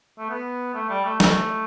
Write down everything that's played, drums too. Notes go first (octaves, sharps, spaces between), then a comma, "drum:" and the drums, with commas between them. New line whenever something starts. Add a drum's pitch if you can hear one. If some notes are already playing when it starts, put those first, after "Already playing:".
A3
B3
A3
G3
A3
A3, drum: snare